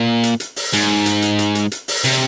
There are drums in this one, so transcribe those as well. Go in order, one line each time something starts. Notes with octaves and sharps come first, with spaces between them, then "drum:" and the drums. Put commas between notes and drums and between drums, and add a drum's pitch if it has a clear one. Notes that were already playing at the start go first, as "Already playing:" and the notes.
Already playing: A#2
drum: hi-hat
drum: hi-hat
drum: open hi-hat
G#2, drum: hi-hat
drum: hi-hat
drum: hi-hat
drum: hi-hat
drum: hi-hat
drum: hi-hat
drum: open hi-hat
C3, drum: hi-hat